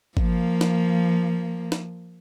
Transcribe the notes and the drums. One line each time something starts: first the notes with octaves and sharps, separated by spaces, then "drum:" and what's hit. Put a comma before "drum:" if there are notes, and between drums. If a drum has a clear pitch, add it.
F3 A#3, drum: kick G#1
drum: snare
drum: snare